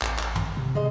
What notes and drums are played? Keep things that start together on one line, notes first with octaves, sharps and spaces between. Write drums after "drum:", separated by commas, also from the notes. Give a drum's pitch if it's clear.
A1, drum: clap
drum: clap
drum: tom
C3
C3 G#3 D#5